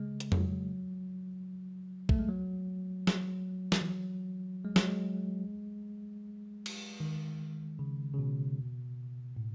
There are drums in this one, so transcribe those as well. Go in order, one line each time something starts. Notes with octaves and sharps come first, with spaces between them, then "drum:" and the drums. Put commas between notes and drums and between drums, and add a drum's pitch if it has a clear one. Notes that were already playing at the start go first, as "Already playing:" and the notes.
Already playing: C#3 G#3
drum: hi-hat
F#3, drum: tom F2
A3, drum: kick
G#3
F#3
F#3, drum: snare
drum: snare
E3
F#3
G#3
F#3, drum: snare
G#3
drum: cymbal
D#3
C#3
C#3
B2
A2